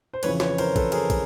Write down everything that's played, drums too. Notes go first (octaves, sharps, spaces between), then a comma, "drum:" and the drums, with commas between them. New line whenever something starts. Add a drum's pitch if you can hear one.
C5
F2 C#3 E3 B4 C#5, drum: cymbal
B4 C#5, drum: snare
A#4 C5, drum: cymbal
A4 B4, drum: kick, cymbal
G#4 A#4, drum: cymbal
drum: kick, cymbal